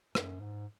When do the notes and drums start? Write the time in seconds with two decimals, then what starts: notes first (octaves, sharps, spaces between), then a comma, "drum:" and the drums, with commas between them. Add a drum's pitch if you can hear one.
0.15 F#2, drum: rim click
0.40 G#2